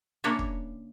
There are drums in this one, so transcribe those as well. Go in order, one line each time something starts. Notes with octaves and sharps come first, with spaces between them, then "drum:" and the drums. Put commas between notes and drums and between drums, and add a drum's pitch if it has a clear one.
C#3 A#3 D4 C#5 E5
drum: kick